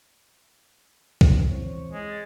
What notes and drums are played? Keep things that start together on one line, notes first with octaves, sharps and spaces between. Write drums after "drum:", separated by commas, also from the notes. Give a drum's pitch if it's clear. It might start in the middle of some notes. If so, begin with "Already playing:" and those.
drum: kick
E3 C4 C#5
G#3
A6